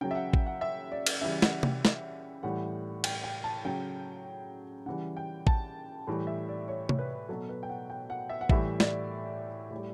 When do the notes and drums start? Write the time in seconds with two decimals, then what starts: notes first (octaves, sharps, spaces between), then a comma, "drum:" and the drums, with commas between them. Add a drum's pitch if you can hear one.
0.01 C#3 F#3 G5
0.11 E5
0.15 F#5
0.33 drum: kick A1
0.46 F#5
0.61 E5
0.92 D5
1.07 drum: cymbal
1.21 C#3 E3 G3 E5
1.42 F#5, drum: snare
1.63 G5, drum: tom C3
1.85 drum: snare
2.43 A2 E3 G3 F#5
3.04 G5, drum: cymbal
3.24 G5
3.44 A5
3.65 C#3 F#3 G5
4.86 C#3 E3 G3 F#5
5.17 G5
5.47 A5, drum: kick A1
6.07 A2 E3 G3
6.27 E5
6.48 D5
6.68 C#5
6.89 C#5, drum: tom C3
6.99 B4
7.29 B2 F#3 A4
7.49 B4
7.63 G5
7.69 F#5
7.90 G5
8.10 F#5
8.29 E5
8.41 F#5
8.49 A2 E3 G3 E5, drum: kick A1
8.80 D5, drum: snare
9.71 A2 G3